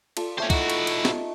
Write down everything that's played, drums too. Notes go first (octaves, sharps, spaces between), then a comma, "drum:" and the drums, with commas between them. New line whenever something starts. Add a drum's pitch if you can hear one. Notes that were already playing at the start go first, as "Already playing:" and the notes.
F4 A4 D5, drum: cymbal
A3 C#4 C5 C#6 D6
D#4 E4 F#4, drum: kick, cymbal
drum: cymbal
drum: cymbal
drum: snare